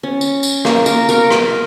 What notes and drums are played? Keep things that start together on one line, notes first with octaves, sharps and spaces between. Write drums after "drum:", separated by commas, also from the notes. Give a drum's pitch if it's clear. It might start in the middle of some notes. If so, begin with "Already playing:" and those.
C#4
drum: tambourine
drum: tambourine
A#3, drum: rim click
A#4, drum: tambourine
A#4 F5 C#6 D6, drum: tambourine
drum: rim click